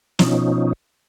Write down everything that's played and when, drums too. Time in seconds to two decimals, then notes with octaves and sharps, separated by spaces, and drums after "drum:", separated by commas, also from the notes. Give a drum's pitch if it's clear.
0.19 B2 F3 C#4 D#4, drum: snare